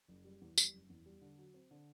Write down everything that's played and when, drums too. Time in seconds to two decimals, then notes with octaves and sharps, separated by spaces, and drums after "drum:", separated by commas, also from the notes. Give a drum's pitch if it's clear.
0.08 F#1
0.25 G3
0.41 E2
0.58 G3, drum: tambourine
0.73 F#1
0.90 E2
1.06 G3
1.21 D3
1.38 F#3
1.54 C4
1.71 D3